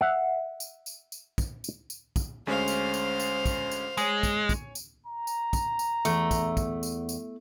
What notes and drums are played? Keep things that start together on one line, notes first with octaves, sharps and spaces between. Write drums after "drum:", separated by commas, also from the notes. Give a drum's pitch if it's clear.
E5 F#5
drum: tambourine
drum: tambourine
drum: tambourine
drum: kick, tambourine
drum: tambourine
drum: tambourine
drum: kick, tambourine
D2 G#3 C#4 C5 F5
drum: tambourine
drum: tambourine
drum: tambourine
drum: kick, tambourine
drum: tambourine
G#3 C#5 G#5, drum: tambourine
drum: kick, tambourine
drum: kick, tambourine
drum: tambourine
A#5
drum: tambourine
drum: kick, tambourine
drum: tambourine
E2 A3, drum: tambourine
drum: kick, tambourine
drum: kick, tambourine
drum: tambourine
drum: tambourine